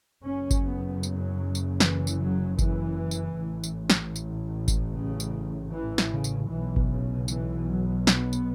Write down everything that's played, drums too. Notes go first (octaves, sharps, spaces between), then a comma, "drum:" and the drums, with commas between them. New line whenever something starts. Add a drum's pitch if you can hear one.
F#1 F#2 C#3 C#4
drum: kick G1, tambourine
B3
F#3, drum: tambourine
drum: tambourine
E3, drum: snare
drum: tambourine
F#3
E3, drum: kick G1, tambourine
drum: tambourine
A1 A2
drum: tambourine
drum: snare
drum: tambourine
drum: kick G1, tambourine
C#3
drum: tambourine
E3
drum: snare
C#3
drum: tambourine
B1 B2 E3
drum: kick G1
C#3
E3, drum: tambourine
F#3
B3, drum: snare
drum: tambourine